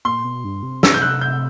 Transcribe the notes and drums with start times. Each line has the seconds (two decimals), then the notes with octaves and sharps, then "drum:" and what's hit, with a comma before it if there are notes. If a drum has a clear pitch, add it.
0.05 A#2 C6
0.24 B2
0.44 G2
0.63 C3
0.83 E6, drum: snare
0.94 G6
1.02 F#6
1.21 G6